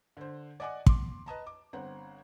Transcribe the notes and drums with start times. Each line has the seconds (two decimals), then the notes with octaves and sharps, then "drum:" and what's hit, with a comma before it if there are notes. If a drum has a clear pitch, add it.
0.17 D3 C5
0.60 D5 D#5 F#5 G#5 D6
0.86 C6 D6, drum: kick
1.26 B4 D#5 A5 A#5
1.47 D6
1.73 G1 C4 F#5